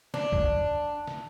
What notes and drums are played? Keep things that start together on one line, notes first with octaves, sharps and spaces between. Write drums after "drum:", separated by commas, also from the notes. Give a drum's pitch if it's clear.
D4, drum: snare
drum: kick
drum: snare